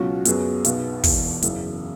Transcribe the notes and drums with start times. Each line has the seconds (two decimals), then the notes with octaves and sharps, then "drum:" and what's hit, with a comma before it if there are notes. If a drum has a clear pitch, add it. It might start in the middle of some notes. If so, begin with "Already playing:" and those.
Already playing: C#2 B2 F#3 C#4 F#4
0.25 F#2 F#3 B3 G#4, drum: hi-hat
0.65 B1 B2 B3, drum: hi-hat
1.04 E1 E2 B2, drum: kick, open hi-hat
1.42 F#2 C#3 E3, drum: hi-hat